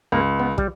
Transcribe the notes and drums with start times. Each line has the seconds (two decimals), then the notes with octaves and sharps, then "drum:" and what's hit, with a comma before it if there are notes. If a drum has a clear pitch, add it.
0.12 C#2 A#3
0.40 B3
0.58 G3, drum: kick